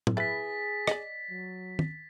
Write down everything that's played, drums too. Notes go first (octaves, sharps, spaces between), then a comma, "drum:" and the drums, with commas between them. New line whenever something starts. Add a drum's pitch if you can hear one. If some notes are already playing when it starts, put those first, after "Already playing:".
drum: tom
E4 G#4 B4 A6 B6
D5 D#5, drum: rim click
F#3
drum: tom